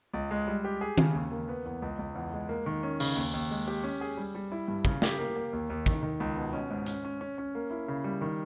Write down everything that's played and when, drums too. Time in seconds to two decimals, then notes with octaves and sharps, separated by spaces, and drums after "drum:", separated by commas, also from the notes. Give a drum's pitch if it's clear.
0.14 C#2
0.31 G#3
0.47 G3
0.64 G4
0.81 G#4
0.98 C#3, drum: tom
1.14 D#2
1.31 A#3
1.49 B3
1.66 E2
1.82 C#2
1.99 C#2
2.15 E2
2.33 G#3
2.49 A#3
2.66 D#3
2.83 C#4
3.00 C#3, drum: open hi-hat
3.16 D#2
3.34 D#2
3.51 G#3
3.68 G4
3.83 C#4
4.01 G#4
4.17 G3
4.35 G3
4.52 E4
4.68 G2
4.85 C#3, drum: kick
5.02 G4, drum: snare
5.18 A#3
5.36 A#3
5.53 D#2
5.70 D#2
5.86 D#3, drum: kick
6.03 D#3
6.20 C#2
6.36 B2
6.53 C#4
6.70 G#2
6.86 C#4, drum: hi-hat
7.04 C#4
7.21 C#4
7.38 C#4
7.55 A#3
7.71 E4
7.88 C#3
8.04 G3
8.21 D#3